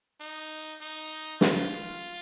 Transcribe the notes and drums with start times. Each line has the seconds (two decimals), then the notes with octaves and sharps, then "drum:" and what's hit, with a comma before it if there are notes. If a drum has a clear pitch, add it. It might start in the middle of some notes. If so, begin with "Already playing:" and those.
0.20 D#4
0.81 D#4
1.41 F4, drum: snare